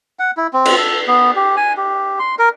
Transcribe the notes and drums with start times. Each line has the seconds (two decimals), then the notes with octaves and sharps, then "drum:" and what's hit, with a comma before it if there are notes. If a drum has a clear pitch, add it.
0.19 F#5
0.37 E4
0.53 C4
0.66 drum: cymbal
0.77 A4
1.07 B3
1.36 G4
1.57 G#5
1.77 G4
2.19 C6
2.39 A#4